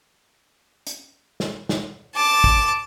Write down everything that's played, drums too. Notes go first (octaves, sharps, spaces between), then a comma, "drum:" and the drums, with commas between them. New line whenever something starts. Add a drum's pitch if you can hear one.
drum: hi-hat
drum: snare
drum: snare
A5 D6
drum: kick